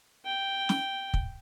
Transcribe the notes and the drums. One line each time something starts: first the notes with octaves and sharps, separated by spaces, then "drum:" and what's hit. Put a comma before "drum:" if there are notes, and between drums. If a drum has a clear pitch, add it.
G5
drum: snare
drum: kick